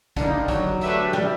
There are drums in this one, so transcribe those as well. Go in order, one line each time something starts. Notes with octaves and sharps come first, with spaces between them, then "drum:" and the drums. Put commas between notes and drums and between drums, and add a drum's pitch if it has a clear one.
D3 G3 A#3 D#4, drum: kick, hi-hat
F#3, drum: kick, hi-hat
A3 D4 G4 B4 E5, drum: hi-hat
G3, drum: snare